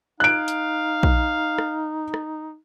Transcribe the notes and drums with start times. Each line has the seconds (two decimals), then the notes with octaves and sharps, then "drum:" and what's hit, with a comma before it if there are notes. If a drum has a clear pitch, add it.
0.20 D#4 F5 F#6 D7
0.48 drum: hi-hat
1.03 drum: kick A#1
1.58 drum: rim click
2.14 drum: rim click